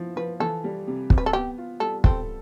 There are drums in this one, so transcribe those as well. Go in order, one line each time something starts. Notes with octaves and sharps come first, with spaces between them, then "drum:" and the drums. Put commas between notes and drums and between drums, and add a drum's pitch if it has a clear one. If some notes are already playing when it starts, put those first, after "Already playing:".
Already playing: F3 B3 E4
F3 B4
E3 A4
G3
C3
C4, drum: kick
B4
A4
B3 G4
F4
G3 A4
C4 A4, drum: kick